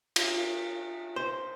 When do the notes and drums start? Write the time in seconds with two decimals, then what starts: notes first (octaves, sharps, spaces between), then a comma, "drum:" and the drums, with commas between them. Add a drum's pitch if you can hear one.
0.16 F4, drum: cymbal
1.16 C5